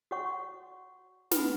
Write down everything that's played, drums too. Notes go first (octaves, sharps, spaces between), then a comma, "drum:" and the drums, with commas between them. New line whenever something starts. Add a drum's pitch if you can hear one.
F#4 C#5 F#5 C#6
B4 F#5 B5, drum: snare